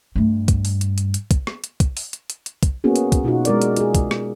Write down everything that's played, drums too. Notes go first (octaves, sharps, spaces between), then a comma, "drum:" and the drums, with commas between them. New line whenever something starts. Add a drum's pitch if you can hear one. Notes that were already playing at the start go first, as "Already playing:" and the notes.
G2 A3
drum: kick, hi-hat
drum: open hi-hat
drum: hi-hat
drum: hi-hat
drum: hi-hat
drum: kick, hi-hat
drum: rim click
drum: hi-hat
drum: kick, hi-hat
drum: open hi-hat
drum: hi-hat
drum: hi-hat
drum: hi-hat
drum: kick, hi-hat
A#3 B3 C#4 F#4 G#4
drum: hi-hat
drum: kick, hi-hat
B2 D#4 F4 F#4
G#3 A#4 D5, drum: hi-hat
drum: hi-hat
F4 G#4, drum: hi-hat
drum: kick, hi-hat
drum: rim click